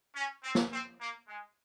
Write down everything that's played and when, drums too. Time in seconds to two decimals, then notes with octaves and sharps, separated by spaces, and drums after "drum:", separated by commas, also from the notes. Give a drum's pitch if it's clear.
0.16 C#4
0.44 C4
0.55 drum: snare
0.72 C4
1.01 A#3
1.28 G#3